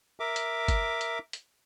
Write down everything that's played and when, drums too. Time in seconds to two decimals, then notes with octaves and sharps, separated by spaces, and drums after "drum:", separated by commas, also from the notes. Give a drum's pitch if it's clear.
0.20 A#4 E5 D6
0.36 drum: hi-hat
0.68 drum: kick G1, hi-hat
1.01 drum: hi-hat
1.33 drum: hi-hat